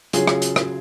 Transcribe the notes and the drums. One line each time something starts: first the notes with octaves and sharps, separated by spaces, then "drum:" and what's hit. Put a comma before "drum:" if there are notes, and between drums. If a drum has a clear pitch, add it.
C#3 F#3 F4 G#4, drum: hi-hat
drum: rim click
drum: hi-hat
drum: rim click